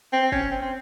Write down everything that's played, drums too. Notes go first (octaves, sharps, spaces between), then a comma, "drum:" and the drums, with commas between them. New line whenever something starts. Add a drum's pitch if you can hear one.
C4
C#4, drum: kick
C4
C4